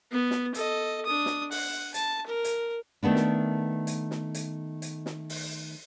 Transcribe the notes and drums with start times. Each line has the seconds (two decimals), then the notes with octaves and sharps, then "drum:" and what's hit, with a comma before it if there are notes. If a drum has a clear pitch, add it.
0.11 B3
0.31 drum: snare
0.54 A4 D#5, drum: hi-hat
1.06 D4 D#6
1.26 drum: snare
1.51 F#5, drum: open hi-hat
1.94 A5, drum: hi-hat
2.26 A#4
2.44 drum: hi-hat
3.03 D#3 A3 B3 D4
3.16 drum: snare
3.87 drum: hi-hat
4.11 drum: snare
4.35 drum: hi-hat
4.82 drum: hi-hat
5.06 drum: snare
5.30 drum: open hi-hat